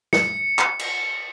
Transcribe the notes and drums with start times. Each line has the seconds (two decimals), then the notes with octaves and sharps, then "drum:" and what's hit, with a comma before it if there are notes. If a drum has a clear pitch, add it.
0.13 C#7, drum: snare
0.59 drum: clap
0.79 drum: cymbal